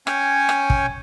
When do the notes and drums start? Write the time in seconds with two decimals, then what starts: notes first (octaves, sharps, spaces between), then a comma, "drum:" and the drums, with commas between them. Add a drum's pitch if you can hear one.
0.07 C#4 C#5 G5 G#5, drum: rim click
0.49 drum: rim click
0.70 drum: kick